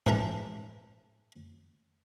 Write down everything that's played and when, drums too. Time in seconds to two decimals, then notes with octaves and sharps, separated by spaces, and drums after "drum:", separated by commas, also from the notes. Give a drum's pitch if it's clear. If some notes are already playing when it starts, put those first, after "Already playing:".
0.06 G#2 E3 A#4 A5 A#5, drum: tom A2